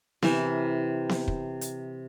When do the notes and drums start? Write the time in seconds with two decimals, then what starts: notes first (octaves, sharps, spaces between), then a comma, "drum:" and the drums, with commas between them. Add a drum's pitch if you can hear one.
0.22 C3 E3 A#4, drum: snare B3
1.09 drum: snare B3
1.28 drum: kick
1.61 drum: hi-hat